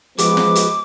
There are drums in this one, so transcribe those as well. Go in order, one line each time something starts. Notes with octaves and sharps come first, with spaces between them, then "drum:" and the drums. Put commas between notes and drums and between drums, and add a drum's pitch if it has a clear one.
F3 G#3 B3 D6, drum: hi-hat
drum: snare
drum: hi-hat